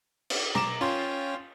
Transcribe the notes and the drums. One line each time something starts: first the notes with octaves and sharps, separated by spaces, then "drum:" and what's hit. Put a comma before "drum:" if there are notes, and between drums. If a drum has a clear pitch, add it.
drum: cymbal
A#5 D6 E7, drum: tom
C#4 F4 C#5 G5 C6